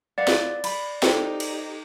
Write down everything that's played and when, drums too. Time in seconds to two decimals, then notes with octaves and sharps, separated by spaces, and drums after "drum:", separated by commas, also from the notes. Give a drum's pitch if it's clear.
0.18 B4 D5 F5 F#5
0.27 drum: snare
0.64 B5, drum: cymbal
1.03 D#4 G4 A4 C5 G5, drum: snare
1.40 drum: cymbal